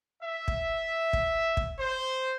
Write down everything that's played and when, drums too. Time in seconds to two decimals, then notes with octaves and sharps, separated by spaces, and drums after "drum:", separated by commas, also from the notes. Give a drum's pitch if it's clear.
0.21 E5
0.48 drum: kick
1.13 drum: kick
1.57 drum: kick
1.79 C5